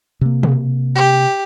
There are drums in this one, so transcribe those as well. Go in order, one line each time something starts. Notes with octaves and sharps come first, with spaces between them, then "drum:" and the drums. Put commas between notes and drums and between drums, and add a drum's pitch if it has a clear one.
C3 A#3
drum: tom
G4